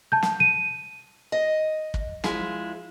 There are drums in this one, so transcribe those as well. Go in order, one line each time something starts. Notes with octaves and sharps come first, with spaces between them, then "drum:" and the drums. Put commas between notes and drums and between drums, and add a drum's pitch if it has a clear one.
A5 G6
drum: snare
D#7
D#5
drum: kick
F3 G#3 E4, drum: snare